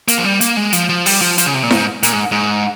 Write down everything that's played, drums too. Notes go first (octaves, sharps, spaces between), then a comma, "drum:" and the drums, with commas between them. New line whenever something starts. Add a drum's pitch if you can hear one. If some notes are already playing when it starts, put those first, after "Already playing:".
A#3, drum: hi-hat
F3
G3
A#3, drum: hi-hat
G#3
F3, drum: hi-hat
F3
G3, drum: open hi-hat
F3
F3, drum: hi-hat
C#3
C3
A#2
G#2, drum: snare E4
A#2, drum: hi-hat
G#2
G#2